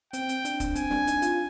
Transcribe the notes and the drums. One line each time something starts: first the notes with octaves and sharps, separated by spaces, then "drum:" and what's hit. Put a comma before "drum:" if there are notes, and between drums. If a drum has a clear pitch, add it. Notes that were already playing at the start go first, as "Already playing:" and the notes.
C4 G5, drum: hi-hat
drum: hi-hat
D4, drum: hi-hat
drum: kick, hi-hat
C4 G#5, drum: hi-hat
D4, drum: snare
D#4, drum: hi-hat
F4, drum: hi-hat